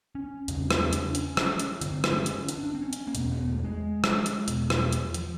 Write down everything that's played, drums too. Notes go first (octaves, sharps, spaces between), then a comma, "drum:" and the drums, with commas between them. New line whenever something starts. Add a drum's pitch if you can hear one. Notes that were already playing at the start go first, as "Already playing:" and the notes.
C#4
E2 C#3 C4, drum: hi-hat
C4, drum: rim click
D4, drum: hi-hat
C#4, drum: hi-hat
drum: rim click
drum: hi-hat
G2 D3 C4, drum: hi-hat
drum: rim click
C#4
drum: hi-hat
D4, drum: hi-hat
D4
C4
C#4
drum: hi-hat
A#3
E2 B2 B3, drum: hi-hat
B3
A3
G#3
drum: rim click
drum: hi-hat
E2 B2, drum: hi-hat
drum: rim click
drum: hi-hat
F3, drum: hi-hat